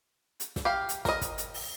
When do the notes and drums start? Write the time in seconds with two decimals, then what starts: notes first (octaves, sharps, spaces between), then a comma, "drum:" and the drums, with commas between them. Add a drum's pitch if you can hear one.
0.40 drum: hi-hat
0.56 drum: snare
0.65 G4 F5
0.89 drum: hi-hat
1.05 A#4 D#5, drum: snare
1.21 drum: kick, hi-hat
1.38 drum: hi-hat
1.54 drum: open hi-hat